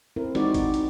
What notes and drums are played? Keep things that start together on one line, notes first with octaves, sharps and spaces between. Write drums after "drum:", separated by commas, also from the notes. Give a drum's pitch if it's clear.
C4 E4 A#4
G#3 D#4 F#4 D5, drum: snare
drum: kick G#1, hi-hat
drum: hi-hat